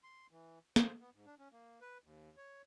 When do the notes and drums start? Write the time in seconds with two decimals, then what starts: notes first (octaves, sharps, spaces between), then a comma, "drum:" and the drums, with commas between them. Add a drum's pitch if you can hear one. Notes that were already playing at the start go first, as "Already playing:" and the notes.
0.03 C6
0.31 E3
0.76 C5, drum: snare
1.00 B3
1.14 G#2
1.26 D4
1.39 C#4
1.52 A#3
1.81 B4
2.04 D#2
2.37 C#5